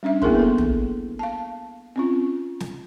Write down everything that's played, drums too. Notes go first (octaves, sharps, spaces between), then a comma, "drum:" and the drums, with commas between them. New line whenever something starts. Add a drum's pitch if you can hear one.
G3 C#4 D4 E5
A#3 B3 E4 G#4 A#4 C6, drum: kick
A4 B4
drum: tom
F5 A5
C4 C#4 F4
drum: snare